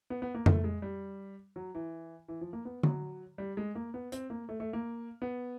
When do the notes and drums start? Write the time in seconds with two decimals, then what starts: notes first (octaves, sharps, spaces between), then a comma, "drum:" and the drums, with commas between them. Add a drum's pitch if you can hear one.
0.10 B3
0.22 B3
0.34 A#3
0.46 A3, drum: tom F2
0.64 G#3
0.82 G3
1.56 F#3
1.75 E3
2.28 E3
2.41 F3
2.53 A#3
2.65 B3
2.83 F#3, drum: tom D3
3.38 G3
3.57 G#3
3.75 A#3
3.94 B3
4.12 C4, drum: hi-hat
4.30 A#3
4.49 A3
4.60 A3
4.73 A#3
5.22 B3